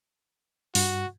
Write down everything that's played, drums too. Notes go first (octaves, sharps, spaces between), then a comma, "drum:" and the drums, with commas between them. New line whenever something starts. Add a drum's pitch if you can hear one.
G2 F#4, drum: open hi-hat